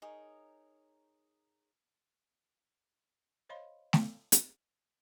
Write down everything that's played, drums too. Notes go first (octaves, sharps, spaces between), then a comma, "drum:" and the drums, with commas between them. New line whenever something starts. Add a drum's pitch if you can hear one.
D#4 G#4 A#4 C#5
C5 C#5 D#5 F5 B5 C6
drum: snare A3
drum: hi-hat